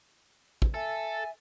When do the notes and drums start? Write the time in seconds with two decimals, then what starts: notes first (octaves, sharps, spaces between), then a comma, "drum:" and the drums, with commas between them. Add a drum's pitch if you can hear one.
0.62 drum: kick
0.74 A4 E5 G#5